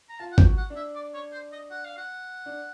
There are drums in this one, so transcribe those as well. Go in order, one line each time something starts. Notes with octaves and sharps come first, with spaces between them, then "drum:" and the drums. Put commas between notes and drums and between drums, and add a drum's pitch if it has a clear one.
A#5
F4 A5
F#5
G5, drum: kick
F#4
F#5
D4
E5
D5
C#5
C5
D#5
F#5
F5
F#5
D4